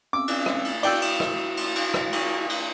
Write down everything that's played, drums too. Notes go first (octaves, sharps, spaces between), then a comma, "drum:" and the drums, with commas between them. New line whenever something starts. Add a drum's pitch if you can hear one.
C4 C#4 D6 E6
drum: cymbal
drum: rim click
drum: cymbal
E4 F#4 D5 G5 E6, drum: cymbal
drum: cymbal
drum: rim click
drum: cymbal
drum: cymbal
drum: rim click
drum: cymbal
drum: cymbal